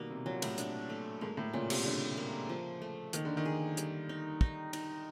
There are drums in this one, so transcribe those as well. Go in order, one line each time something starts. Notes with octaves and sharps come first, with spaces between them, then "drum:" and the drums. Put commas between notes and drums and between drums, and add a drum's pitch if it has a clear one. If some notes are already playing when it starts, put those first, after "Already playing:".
Already playing: B2 D#3 G3 A#3
C3
A#2 F#3
A2, drum: cymbal
D4, drum: hi-hat
A3
G#2 A#3
A2
A#2 C#3
C3, drum: cymbal
D3 G3
A#3
F3
A3
D#3 A#3, drum: hi-hat
D3
D#3
G#4
G3, drum: hi-hat
D#4
D#4, drum: kick
D#4, drum: cymbal